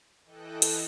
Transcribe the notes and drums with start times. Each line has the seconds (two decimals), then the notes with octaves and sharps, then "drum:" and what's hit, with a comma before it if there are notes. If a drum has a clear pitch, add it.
0.24 E3 A4 D#5 G5 F#6
0.62 drum: hi-hat